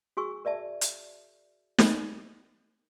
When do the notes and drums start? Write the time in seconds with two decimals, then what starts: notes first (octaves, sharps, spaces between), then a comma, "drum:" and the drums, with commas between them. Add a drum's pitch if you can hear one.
0.17 F#4 G#4 G#5 C#6 E6
0.45 A#4 D5 E5 A5
0.81 drum: hi-hat
1.78 drum: snare